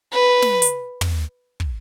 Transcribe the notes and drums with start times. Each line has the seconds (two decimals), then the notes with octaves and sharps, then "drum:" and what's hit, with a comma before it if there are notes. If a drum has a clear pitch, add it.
0.12 B4
0.42 drum: snare
0.62 drum: hi-hat
1.01 drum: tom
1.60 drum: kick